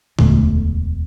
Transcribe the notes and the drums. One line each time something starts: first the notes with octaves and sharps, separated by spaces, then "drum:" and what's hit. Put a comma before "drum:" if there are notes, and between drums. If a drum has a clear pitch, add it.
E1 D2 D3 A3, drum: tom A#2